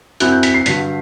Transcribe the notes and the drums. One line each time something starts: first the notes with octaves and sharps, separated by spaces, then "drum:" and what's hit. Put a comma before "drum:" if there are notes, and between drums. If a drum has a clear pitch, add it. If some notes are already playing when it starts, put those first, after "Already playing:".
F#2 F#3 C4 E4 F#6, drum: hi-hat
G6
B6, drum: hi-hat
C7
G2 D3 F#3 B6, drum: hi-hat